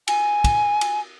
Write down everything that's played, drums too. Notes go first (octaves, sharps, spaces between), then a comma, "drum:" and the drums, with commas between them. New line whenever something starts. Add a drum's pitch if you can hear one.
G#5, drum: cymbal
drum: kick, cymbal
drum: cymbal